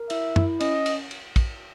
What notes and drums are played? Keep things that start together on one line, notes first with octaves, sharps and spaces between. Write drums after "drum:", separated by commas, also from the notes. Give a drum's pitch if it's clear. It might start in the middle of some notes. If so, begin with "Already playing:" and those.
Already playing: A#4
E4 E5, drum: cymbal
E4, drum: tom
C#4 D#5, drum: cymbal
drum: cymbal
drum: cymbal
drum: kick, cymbal